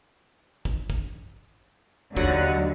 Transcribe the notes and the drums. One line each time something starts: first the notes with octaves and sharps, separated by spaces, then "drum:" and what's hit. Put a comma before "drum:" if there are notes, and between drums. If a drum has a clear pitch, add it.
drum: kick
drum: kick
D#2 D3 F#3 F#5, drum: kick